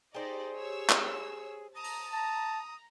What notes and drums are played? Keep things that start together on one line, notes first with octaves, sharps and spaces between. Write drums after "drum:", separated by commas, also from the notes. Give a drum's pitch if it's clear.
D#4 G4 G#4 C5 D5 D#5
C#5 E6
drum: clap
A5 A#5 D#6
drum: open hi-hat
A5 A#5